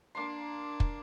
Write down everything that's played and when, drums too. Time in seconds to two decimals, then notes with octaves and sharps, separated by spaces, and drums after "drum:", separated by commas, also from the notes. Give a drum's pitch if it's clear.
0.15 A#3 D4 C6
0.80 drum: kick